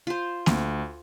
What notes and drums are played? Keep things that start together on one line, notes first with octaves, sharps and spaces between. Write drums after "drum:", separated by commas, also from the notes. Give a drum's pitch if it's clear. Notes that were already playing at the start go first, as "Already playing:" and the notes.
F4 C5
D2, drum: snare A#3